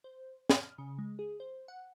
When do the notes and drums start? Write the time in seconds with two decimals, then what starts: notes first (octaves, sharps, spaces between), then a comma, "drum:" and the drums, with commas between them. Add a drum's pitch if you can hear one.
0.04 C5
0.50 F6, drum: snare
0.78 C#3
0.98 G#3
1.19 G#4
1.40 C5
1.68 F#5